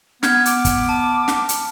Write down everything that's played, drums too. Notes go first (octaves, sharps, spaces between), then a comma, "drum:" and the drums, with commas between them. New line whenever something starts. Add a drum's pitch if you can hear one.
B3 F6 G6 G#6, drum: snare
D6, drum: hi-hat
drum: kick, hi-hat
A5
drum: snare
drum: hi-hat